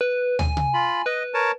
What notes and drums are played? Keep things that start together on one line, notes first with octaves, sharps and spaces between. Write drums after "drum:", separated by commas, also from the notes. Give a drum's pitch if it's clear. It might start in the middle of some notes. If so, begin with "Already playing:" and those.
B4
G#5, drum: tom
drum: tom C3
F4 B5
B4 D#5
A#4 C#5 A5